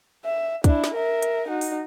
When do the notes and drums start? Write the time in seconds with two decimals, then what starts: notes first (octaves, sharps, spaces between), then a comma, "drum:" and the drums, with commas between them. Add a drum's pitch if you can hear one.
0.25 E5
0.64 D4 E4, drum: kick, hi-hat
0.84 drum: snare
0.94 A#4 E5
1.22 drum: hi-hat
1.48 D#4 F#4
1.61 drum: open hi-hat